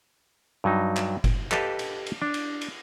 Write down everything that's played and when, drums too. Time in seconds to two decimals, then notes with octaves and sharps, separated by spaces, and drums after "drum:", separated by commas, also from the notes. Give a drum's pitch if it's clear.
0.64 G2 F#3 D#4
0.97 drum: clap
1.24 drum: kick F#1, cymbal
1.52 G4 A4 B4 D#5 F5 A5, drum: clap
1.79 drum: cymbal
2.06 drum: cymbal
2.22 D4
2.34 drum: cymbal
2.61 drum: cymbal